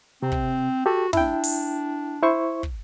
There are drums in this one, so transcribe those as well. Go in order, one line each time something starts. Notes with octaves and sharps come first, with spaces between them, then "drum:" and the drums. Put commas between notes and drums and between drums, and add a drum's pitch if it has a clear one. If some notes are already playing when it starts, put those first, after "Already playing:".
C3 C4
drum: kick
F#4 G4 A4
D4 E4 G5, drum: snare
drum: open hi-hat
E4 C5 C#6
drum: kick